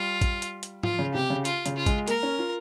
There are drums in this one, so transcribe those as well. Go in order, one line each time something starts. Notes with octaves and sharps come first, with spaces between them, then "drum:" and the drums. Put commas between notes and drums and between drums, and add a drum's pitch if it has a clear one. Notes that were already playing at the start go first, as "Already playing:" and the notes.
Already playing: G3 F4
drum: kick A1, hi-hat
drum: hi-hat
drum: hi-hat
F3 F4, drum: tom G#2
C#3
C3 G4
C#3
F4, drum: hi-hat
C#3, drum: hi-hat
F4
G#3, drum: kick A1, hi-hat
A#3 A#4, drum: hi-hat
C#4
F4